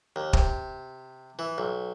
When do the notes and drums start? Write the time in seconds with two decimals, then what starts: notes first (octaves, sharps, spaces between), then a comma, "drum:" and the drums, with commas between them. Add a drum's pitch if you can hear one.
0.16 D#2
0.33 C3, drum: kick
1.39 E3
1.58 B1